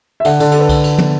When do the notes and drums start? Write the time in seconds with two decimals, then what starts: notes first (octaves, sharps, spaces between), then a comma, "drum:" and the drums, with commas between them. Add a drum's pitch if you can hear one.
0.20 E5
0.25 D3 F#5, drum: cymbal
0.40 D3, drum: cymbal
0.52 A4, drum: cymbal
0.59 B4
0.69 drum: kick C2, cymbal
0.84 drum: cymbal
0.98 drum: tom